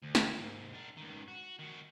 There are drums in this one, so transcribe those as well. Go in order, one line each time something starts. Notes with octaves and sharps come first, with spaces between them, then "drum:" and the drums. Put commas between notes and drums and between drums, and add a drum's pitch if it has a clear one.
D2
drum: snare
D#2 G#2
D4 A#4
C#2 D#3
F#4
D#3 F#4